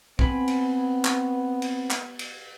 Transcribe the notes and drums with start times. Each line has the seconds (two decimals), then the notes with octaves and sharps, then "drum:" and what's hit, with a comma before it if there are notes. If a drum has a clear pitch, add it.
0.19 B3 C4 G#5 B5, drum: kick
0.48 drum: cymbal
1.05 drum: clap
1.62 drum: cymbal
1.91 drum: clap
2.19 drum: cymbal